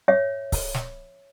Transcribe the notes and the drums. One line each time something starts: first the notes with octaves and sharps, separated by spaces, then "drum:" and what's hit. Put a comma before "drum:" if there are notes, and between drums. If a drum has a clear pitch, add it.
C#5 E5
drum: kick C#1, open hi-hat
drum: snare